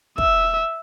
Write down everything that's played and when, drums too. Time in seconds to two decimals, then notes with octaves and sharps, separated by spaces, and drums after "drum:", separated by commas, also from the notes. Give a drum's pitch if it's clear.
0.18 E5, drum: kick